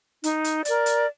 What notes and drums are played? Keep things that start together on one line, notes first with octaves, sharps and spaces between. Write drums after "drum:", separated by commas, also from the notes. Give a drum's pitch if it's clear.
D#4, drum: hi-hat
drum: hi-hat
A#4 D5, drum: hi-hat
drum: hi-hat